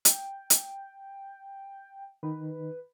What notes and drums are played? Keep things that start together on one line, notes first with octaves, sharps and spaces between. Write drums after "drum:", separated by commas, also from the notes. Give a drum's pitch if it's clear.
G5, drum: hi-hat
drum: hi-hat
D#3 D#4 B4